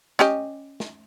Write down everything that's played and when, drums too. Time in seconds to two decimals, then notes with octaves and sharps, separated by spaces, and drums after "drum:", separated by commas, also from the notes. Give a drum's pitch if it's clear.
0.19 C#4 G4 D#5, drum: snare
0.80 drum: snare